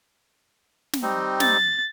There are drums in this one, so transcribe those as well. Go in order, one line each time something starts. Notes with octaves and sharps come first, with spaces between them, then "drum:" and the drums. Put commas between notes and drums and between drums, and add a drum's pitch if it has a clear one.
drum: snare
G3 C4 D#4
A6, drum: snare